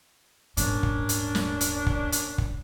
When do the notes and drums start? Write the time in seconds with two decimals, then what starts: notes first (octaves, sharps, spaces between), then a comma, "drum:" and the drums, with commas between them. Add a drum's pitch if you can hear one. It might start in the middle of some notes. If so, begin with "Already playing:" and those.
0.57 D#1 G#2 A#3 C#4 D4, drum: hi-hat
0.83 drum: kick
1.09 drum: hi-hat
1.35 drum: snare
1.61 drum: hi-hat
1.86 drum: kick
2.12 drum: hi-hat
2.38 drum: kick